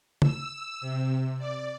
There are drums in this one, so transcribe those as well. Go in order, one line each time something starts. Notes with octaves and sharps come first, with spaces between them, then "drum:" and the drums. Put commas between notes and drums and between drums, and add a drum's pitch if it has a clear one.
E6, drum: tom C#3
C3
D5